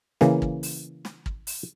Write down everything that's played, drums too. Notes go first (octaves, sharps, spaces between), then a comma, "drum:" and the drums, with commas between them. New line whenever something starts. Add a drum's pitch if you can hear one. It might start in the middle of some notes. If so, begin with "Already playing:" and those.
C#3 E3 A#3, drum: snare
drum: kick
drum: open hi-hat
drum: snare
drum: kick
drum: open hi-hat